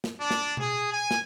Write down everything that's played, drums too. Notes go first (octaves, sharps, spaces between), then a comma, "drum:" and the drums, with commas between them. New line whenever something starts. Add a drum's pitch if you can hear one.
drum: snare
D4
drum: snare
G#4, drum: tom B2
G#5
drum: snare